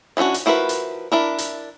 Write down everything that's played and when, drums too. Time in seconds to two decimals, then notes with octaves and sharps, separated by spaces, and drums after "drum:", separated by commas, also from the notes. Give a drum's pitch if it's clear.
0.17 E3 B3 C#4 D4 F#4
0.34 drum: hi-hat
0.46 F3 E4 F#4 A#4 B4
0.69 drum: hi-hat
1.12 D4 E4 A#4
1.38 drum: hi-hat